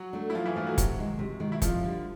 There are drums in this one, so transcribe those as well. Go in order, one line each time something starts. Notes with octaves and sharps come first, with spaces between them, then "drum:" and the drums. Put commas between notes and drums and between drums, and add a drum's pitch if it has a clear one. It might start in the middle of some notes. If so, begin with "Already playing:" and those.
Already playing: F#3 F#4
A3 D4
E4
F3 F#3 F4
E3 E4
F3 A3 D4 F4
F#3 F#4
C3, drum: kick, hi-hat
D#3 G#3
C3
D#3 G#3
E4
F2 F3 F4, drum: kick, hi-hat
D3 G3